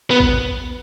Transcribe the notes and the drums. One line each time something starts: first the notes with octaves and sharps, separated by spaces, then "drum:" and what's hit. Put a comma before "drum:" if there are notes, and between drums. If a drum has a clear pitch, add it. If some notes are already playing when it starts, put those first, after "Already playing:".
B3
drum: kick